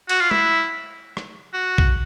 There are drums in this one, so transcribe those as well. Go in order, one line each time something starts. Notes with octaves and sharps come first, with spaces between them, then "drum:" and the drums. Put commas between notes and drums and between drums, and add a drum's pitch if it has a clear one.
F#4, drum: cymbal
F4
E4, drum: tom
drum: rim click
F#4
drum: kick A#1